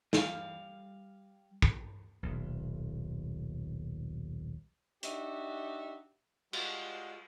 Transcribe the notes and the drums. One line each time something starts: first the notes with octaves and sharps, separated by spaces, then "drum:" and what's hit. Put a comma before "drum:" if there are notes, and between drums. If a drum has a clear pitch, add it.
G3 F5, drum: snare
drum: kick
D#1 B1
D4 D#4 F#4 G4 E5, drum: hi-hat
G3 G#3 F4 F#4, drum: cymbal